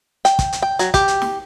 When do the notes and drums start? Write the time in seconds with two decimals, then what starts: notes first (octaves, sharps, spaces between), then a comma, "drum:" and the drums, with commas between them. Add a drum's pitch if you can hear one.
0.25 G5, drum: hi-hat
0.39 drum: kick, hi-hat
0.53 drum: hi-hat
0.62 G5
0.79 F#3, drum: hi-hat
0.94 G4, drum: kick, hi-hat
1.08 drum: hi-hat
1.22 drum: snare